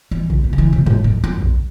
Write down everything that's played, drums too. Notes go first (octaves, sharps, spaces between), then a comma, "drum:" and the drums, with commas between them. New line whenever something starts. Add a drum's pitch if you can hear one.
E3
C#3, drum: kick A#1
E3
C#3
E3
B2
A2, drum: tom
F#2
F#2
drum: kick A#1